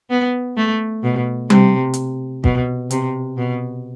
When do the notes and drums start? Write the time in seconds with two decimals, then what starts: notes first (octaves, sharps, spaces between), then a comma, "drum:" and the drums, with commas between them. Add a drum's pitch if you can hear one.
0.10 B3
0.57 A3
1.03 B2
1.50 C3, drum: tom G3
1.94 drum: hi-hat
2.44 B2, drum: kick
2.91 C3, drum: hi-hat
3.38 B2